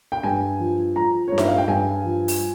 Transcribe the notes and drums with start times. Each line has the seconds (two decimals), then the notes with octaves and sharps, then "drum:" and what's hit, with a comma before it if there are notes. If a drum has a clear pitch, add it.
0.12 G5
0.23 G2 G#5
0.60 F3
0.96 F3 A#5
1.28 G2 C#5
1.38 E5, drum: snare D#4
1.48 F5
1.58 G5
1.68 G2 G#5
2.04 F3
2.28 drum: open hi-hat